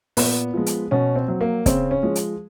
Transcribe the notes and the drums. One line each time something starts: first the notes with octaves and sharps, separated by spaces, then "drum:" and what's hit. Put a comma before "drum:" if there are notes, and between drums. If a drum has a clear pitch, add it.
A#2 B3, drum: open hi-hat
F3 G#3
drum: hi-hat
B2 C#4
C4
F#3
A#3
C#3 C4, drum: kick, hi-hat
C#4
F3 G#3
drum: hi-hat